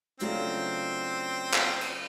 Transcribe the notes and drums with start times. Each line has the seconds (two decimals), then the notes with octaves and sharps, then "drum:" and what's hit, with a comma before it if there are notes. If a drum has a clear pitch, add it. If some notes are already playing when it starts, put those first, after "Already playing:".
0.20 C#3 F#3 A3 C4 D4 F4, drum: hi-hat
1.54 drum: clap
1.81 drum: cymbal